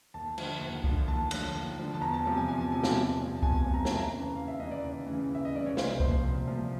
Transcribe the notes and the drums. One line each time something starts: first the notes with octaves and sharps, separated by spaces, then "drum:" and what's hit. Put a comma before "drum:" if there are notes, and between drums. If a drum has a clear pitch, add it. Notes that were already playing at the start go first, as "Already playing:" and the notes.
D#2 A5
D3 F3, drum: cymbal
D#2
D3 F3, drum: kick C2
D#2 A5
D3 F3, drum: cymbal
D#2
D3 F3
A5
E2 A#5
A5
C3 F3 A5
G#5
E2 G#5
A5
C3 F3 G#5
A5, drum: snare
E2 A5
C3 F3
A5
E2 G#5, drum: kick C2
C3 F3
A#5
D#2 A5, drum: snare
A#5
C#3 E3
D#2 F5
E5
C#3 E3 D#5
D5
D#2
C#3 E3
D#2 E5
D#5
C#3 E3 D5
C#5
C2 C5, drum: snare
A#2 F3 C5, drum: kick C2
C2
A#2 F3